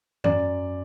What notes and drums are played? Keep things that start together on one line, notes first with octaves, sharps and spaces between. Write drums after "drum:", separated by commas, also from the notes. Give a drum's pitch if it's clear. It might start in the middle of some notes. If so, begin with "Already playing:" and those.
F#2 D5, drum: tom G#2